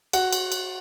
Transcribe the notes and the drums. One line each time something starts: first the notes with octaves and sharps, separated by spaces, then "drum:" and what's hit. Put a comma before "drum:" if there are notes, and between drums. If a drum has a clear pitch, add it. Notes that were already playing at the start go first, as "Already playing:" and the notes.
F#4 F#5, drum: cymbal
drum: cymbal
drum: cymbal